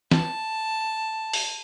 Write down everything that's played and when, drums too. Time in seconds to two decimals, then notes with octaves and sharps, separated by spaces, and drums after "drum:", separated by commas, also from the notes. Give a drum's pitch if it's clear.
0.11 A5, drum: snare
1.33 drum: open hi-hat